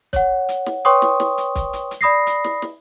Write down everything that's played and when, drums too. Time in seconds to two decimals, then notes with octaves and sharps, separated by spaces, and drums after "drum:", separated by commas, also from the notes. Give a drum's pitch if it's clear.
0.13 C#5 F#5, drum: kick, hi-hat
0.49 drum: hi-hat
0.66 drum: snare
0.85 B4 C#5 G5 C6 C#6 D#6
1.02 drum: snare
1.20 drum: snare
1.38 drum: hi-hat
1.55 drum: kick, hi-hat
1.73 drum: hi-hat
1.91 drum: hi-hat
2.01 D5 B5 D#6 A#6 C7
2.27 drum: hi-hat
2.44 drum: snare
2.62 drum: snare